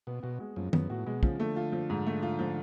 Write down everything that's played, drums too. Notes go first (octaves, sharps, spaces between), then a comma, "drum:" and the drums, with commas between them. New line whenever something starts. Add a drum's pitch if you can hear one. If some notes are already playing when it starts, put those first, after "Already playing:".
B2 B3
B2 F#4
G#3
F#2 F3
F#2 B3, drum: tom
A2 F#4
B2 G#3
C#3 F3, drum: kick
D3 A3
F4
F3
G#2
A3
F4
F3